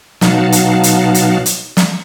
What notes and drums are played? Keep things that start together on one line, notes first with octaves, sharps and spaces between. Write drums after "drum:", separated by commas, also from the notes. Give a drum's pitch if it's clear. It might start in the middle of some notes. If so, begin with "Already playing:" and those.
B2 F#3 D#4 F5 F#5 A5, drum: snare
drum: hi-hat
drum: hi-hat
drum: hi-hat
drum: hi-hat
drum: snare